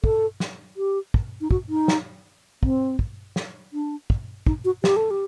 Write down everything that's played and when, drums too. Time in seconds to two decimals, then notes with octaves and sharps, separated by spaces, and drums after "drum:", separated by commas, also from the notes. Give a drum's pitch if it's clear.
0.04 A4, drum: kick
0.40 drum: snare
0.77 G4
1.14 drum: kick
1.41 D#4
1.51 F#4, drum: kick
1.69 D#4
1.88 drum: snare
2.63 C4, drum: kick
2.99 drum: kick
3.36 drum: snare
3.73 D4
4.10 drum: kick
4.47 D#4, drum: kick
4.65 F#4
4.84 G4, drum: snare
4.96 A4
5.11 G4